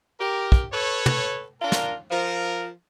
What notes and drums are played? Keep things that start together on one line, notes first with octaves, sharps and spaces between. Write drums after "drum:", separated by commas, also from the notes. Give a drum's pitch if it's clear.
G4 A#4
drum: kick
A4 B4 C#5
drum: tom
D4 F4 A#4
drum: snare
F3 A#4